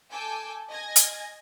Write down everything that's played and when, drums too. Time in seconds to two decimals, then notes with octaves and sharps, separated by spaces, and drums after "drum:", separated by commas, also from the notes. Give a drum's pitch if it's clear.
0.11 A4 G#5 A5 D6 E6 G6
0.69 D#5 G#5 G#6 A#6
0.96 drum: hi-hat